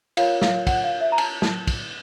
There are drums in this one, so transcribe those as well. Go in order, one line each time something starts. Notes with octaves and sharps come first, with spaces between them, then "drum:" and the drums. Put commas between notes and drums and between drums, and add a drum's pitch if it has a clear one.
F4 A#4 C#5 F5, drum: cymbal
F5, drum: snare
F#5, drum: kick, cymbal
F5
E5
A#5
A5, drum: cymbal
A5, drum: snare
drum: kick, cymbal